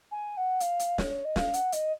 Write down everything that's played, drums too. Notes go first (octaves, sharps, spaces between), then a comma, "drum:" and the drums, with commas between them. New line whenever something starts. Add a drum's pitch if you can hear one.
G#5
F#5
F5, drum: hi-hat
drum: hi-hat
C#5, drum: snare
D#5
F5, drum: snare
F#5, drum: hi-hat
D#5, drum: hi-hat